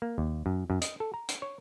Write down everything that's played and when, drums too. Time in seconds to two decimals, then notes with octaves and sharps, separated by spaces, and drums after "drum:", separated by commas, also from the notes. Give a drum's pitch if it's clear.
0.02 A#3
0.18 D#2
0.46 F#2
0.70 F#2
0.82 D#5, drum: hi-hat
1.00 A4
1.14 A#5
1.29 drum: hi-hat
1.42 C#5